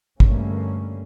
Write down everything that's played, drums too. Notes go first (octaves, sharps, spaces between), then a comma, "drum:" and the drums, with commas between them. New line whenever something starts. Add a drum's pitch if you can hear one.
G2 B2 D3 A3 A#3 C#4, drum: kick